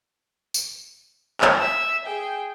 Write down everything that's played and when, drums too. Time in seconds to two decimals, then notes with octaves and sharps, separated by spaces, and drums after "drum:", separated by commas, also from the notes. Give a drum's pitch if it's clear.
0.54 drum: tambourine
1.41 drum: clap
1.58 E5 E6
2.05 G#4 G5